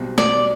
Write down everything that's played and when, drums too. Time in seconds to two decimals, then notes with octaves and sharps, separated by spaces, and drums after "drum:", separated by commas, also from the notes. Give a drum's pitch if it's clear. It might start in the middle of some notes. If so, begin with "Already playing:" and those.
Already playing: B1 B2 G3 C4
0.18 D5, drum: snare